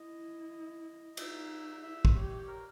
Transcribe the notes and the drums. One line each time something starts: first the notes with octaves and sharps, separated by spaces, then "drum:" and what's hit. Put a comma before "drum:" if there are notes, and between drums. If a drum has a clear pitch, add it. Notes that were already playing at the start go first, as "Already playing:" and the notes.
Already playing: E4 D#5
D#4 E5, drum: cymbal
E4 E5
drum: kick
G4 C#5
A#4